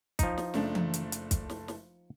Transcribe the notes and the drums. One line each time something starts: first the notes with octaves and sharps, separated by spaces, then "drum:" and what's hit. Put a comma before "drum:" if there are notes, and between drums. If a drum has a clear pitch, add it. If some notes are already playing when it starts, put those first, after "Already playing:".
F3 D#4, drum: kick, hi-hat
drum: snare
F#1 A3 D4, drum: snare
drum: tom E3
drum: hi-hat
drum: hi-hat
drum: kick, hi-hat
drum: snare
drum: snare